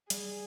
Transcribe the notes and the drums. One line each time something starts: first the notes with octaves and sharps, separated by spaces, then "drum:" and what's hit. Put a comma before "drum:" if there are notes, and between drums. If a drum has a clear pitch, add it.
G3 G#4, drum: hi-hat